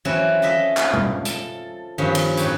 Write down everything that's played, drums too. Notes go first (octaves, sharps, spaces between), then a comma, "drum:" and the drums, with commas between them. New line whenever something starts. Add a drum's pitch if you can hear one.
E3 F#3 C4 C#4 E4 F#4
F4 A4 D#5 E5
drum: clap
drum: tom B2
A4 A5, drum: hi-hat
G2 D#3 F3 B3 C#4
drum: cymbal
A2 F#3 G4 C#5, drum: hi-hat